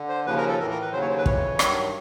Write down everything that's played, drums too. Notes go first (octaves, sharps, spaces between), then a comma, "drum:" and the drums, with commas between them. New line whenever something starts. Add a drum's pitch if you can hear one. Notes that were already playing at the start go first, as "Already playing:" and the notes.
Already playing: D3
C5
D#2 C#3 F3 B4
A#4
A4
A2 E3 A#4
A#4
B4
D#2 C#3 F#3 C5
C#5
C5
B4
F2 C#3 E3 C#5, drum: kick
G2 D#3 F#3, drum: rim click